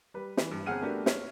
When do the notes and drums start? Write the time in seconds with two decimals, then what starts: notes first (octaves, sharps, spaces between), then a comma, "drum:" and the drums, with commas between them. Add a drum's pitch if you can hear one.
0.14 G3 B4
0.37 E3, drum: snare
0.51 G2
0.66 G1 C4 G#4 F#5 F6 D#7
0.82 A3 B3 D4 F#4 G4 A#4
1.06 C#5, drum: snare